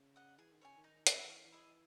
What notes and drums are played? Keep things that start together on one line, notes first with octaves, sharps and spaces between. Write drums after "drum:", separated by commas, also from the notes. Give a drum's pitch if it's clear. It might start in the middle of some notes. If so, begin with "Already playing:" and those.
Already playing: C#3
D#5 F#5
E3 G#4
D#3
C#3 C#5 E5 G#5
D#3
D#4
F#4 A#4 E5, drum: hi-hat
E3 C#4
E3
E4 G#4 D#5
E3